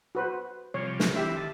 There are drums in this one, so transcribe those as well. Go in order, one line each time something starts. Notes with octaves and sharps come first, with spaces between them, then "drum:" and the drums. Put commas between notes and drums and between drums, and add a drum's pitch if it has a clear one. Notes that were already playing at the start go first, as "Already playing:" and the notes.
F#4 B4 C5
C3 F3 G3 C#5
drum: snare
E3 C4 E4 G4 E5
D#3 A5